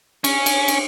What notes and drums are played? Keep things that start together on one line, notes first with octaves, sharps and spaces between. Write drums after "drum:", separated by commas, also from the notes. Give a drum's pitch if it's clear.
C#4, drum: cymbal
drum: cymbal
drum: cymbal